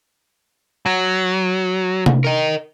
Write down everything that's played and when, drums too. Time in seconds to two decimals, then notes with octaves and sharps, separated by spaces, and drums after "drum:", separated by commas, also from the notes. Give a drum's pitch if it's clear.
0.86 F#3
2.06 drum: tom C3
2.24 A#4 D#5